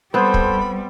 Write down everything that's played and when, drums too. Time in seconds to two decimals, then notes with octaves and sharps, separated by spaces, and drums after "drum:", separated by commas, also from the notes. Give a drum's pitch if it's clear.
0.14 G3 B3 C4 A4 C5 B5
0.34 drum: kick